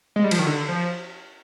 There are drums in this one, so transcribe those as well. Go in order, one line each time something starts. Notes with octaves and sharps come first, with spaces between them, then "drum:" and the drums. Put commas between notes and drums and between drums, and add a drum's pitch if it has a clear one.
G#3
G3
F3, drum: cymbal
D#3
D3
F3